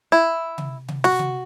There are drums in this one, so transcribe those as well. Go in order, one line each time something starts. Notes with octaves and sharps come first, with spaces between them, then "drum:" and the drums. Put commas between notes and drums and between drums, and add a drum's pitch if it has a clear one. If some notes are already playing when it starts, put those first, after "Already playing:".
E4
drum: tom C3
drum: tom C3
F#4, drum: snare
drum: tom C3